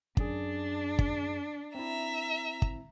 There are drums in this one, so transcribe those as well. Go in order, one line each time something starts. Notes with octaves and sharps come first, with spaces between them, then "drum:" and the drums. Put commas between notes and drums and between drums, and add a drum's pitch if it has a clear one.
F#2 D4 G#4, drum: kick
drum: kick
C4 E4 E5 A#5
drum: kick